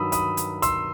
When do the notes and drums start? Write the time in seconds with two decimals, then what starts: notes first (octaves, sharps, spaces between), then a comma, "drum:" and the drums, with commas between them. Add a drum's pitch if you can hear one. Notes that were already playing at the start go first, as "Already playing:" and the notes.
Already playing: G2 D#3 F#3 B5 D#6 E6
0.12 B5 D#6, drum: hi-hat
0.37 drum: hi-hat
0.62 C6 E6, drum: hi-hat